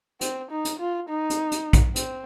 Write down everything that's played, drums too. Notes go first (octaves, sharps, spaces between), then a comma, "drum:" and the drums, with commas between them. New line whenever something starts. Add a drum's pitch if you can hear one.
C4, drum: hi-hat
D#4
drum: hi-hat
F4
D#4
drum: hi-hat
drum: hi-hat
drum: kick A#1, hi-hat
C4, drum: hi-hat